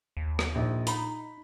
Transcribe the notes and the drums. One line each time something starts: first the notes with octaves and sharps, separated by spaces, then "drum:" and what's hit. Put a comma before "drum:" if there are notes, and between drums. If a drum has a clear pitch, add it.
D#2
drum: rim click
A#1 D#4
D#4 B5, drum: hi-hat